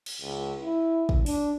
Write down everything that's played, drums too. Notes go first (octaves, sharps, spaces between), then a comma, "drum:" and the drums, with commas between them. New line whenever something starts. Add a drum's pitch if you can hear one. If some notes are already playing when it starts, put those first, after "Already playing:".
drum: cymbal
C#2
E4
drum: kick
D4, drum: open hi-hat